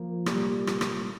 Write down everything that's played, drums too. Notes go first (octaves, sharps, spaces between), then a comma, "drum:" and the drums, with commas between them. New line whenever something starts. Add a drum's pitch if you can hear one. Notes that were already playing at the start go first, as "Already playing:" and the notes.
Already playing: F3 A#3 F4 A#4
C2 A#2 G3, drum: rim click
drum: rim click
drum: rim click